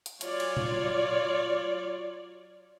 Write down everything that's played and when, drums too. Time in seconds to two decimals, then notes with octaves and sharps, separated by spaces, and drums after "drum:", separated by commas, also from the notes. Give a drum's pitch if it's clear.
0.06 drum: hi-hat
0.21 F#3 F4 C#5 D5, drum: hi-hat
0.40 drum: cymbal
0.57 drum: tom A#2